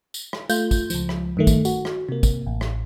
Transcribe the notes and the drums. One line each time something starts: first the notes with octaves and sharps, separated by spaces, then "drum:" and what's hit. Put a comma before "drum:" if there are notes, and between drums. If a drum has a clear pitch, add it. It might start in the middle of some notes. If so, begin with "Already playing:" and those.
drum: tambourine
drum: rim click
A3 F4 G6, drum: tambourine
drum: kick, tambourine
C#2 F3, drum: tambourine
drum: rim click
G2 D#3 A3
drum: kick, tambourine
F#4, drum: tambourine
drum: rim click
C3 A#3
drum: kick, tambourine
A1
drum: rim click